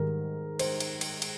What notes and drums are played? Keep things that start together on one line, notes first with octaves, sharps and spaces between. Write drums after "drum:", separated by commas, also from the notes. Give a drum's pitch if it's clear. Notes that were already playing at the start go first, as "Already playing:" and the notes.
Already playing: G#2 D#3 G3 A#4
C5, drum: cymbal
drum: cymbal
drum: cymbal
drum: cymbal